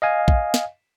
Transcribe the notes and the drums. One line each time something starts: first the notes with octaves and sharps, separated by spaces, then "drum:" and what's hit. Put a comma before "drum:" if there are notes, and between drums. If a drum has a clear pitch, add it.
D#5 F5 G#5
drum: kick A#1
drum: snare